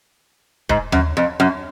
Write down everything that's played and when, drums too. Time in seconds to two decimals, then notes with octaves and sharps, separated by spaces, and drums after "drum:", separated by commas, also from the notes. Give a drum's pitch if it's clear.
0.69 G#2, drum: kick D#1
0.92 F#2, drum: tom D#2
1.17 F2
1.40 F#2